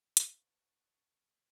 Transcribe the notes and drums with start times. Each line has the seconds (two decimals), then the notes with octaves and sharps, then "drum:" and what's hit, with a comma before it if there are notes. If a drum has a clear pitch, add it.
0.17 B4 C5 F5 F#5 A5 C#6, drum: hi-hat